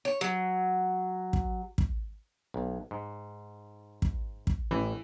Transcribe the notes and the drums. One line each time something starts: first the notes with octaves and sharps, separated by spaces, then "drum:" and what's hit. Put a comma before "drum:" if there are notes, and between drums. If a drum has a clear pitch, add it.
C#5
F#3
drum: kick
drum: kick
B1
G#2
drum: kick
drum: kick
A1 E3